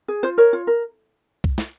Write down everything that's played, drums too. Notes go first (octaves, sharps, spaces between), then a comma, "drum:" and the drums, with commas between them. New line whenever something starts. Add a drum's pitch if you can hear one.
G#4
F4 C5
A#4 C#5
F4
A#4
drum: kick C2
drum: snare